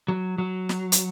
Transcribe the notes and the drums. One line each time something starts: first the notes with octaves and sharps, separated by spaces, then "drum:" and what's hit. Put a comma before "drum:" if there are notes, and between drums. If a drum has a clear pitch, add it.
F#3
F#3
drum: snare
drum: hi-hat